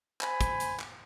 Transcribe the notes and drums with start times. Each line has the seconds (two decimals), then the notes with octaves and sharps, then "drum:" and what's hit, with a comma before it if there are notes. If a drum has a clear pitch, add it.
0.21 C5 G#5 B5, drum: clap
0.41 drum: kick, hi-hat
0.60 drum: hi-hat
0.80 drum: clap